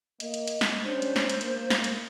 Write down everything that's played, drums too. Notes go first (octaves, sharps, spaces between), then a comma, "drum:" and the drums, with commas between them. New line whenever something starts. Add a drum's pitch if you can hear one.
A#3 D#5, drum: hi-hat
drum: hi-hat
drum: hi-hat
drum: snare
G3 C#4 D4 C5
drum: hi-hat
drum: snare
drum: hi-hat
A#3, drum: hi-hat
drum: snare
drum: hi-hat